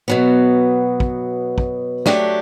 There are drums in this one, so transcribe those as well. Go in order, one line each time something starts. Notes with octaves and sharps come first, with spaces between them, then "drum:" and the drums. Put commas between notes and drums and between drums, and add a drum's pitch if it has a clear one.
B2 F#3 B3
drum: kick
drum: kick
F#3 A3 D4 G4, drum: snare